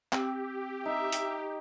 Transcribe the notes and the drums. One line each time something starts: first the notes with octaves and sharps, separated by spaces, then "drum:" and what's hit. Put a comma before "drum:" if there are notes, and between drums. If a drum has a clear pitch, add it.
C4 G4, drum: clap
D#4 E5
drum: hi-hat